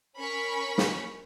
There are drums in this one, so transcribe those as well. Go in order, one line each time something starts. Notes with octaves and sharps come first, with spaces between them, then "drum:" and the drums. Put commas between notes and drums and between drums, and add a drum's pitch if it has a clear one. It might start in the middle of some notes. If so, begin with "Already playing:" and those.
C#4 A#4 B5 C#6 B6
drum: snare